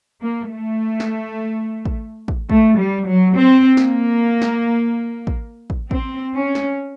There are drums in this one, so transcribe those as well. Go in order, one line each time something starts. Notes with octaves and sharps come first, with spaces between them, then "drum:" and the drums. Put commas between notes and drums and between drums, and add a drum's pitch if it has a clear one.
A#3
A3
drum: snare
drum: kick
drum: kick
A3, drum: kick
G3
F#3
C4
A#3, drum: snare
drum: snare
drum: kick
drum: kick
C4, drum: kick
C#4
drum: snare